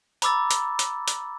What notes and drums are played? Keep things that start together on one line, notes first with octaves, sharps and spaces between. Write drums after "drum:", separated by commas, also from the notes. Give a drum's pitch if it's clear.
A#5 B5 D6 E6 A6, drum: hi-hat
drum: hi-hat
drum: hi-hat
drum: hi-hat